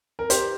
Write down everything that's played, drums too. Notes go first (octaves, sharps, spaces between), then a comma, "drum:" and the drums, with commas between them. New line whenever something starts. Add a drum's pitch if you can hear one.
A#4
G4 C5, drum: hi-hat